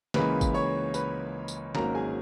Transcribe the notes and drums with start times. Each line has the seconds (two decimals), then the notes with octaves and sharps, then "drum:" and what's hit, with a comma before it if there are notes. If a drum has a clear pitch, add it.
0.14 C#2 C#3 E3 A#3 B4 B5, drum: snare
0.41 drum: kick, tambourine
0.54 C#5 C#6
0.94 B4 B5, drum: tambourine
1.48 drum: tambourine
1.75 G#1 G#2 F#3 A#3 C#4 A#4 A#5, drum: snare
1.95 G#4 G#5